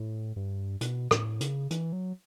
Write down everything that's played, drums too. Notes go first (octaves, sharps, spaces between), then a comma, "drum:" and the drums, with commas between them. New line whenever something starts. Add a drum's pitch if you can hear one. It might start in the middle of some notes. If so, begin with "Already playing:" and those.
Already playing: A2
G2
B2, drum: hi-hat
A2, drum: rim click
C#3, drum: hi-hat
E3, drum: hi-hat
F#3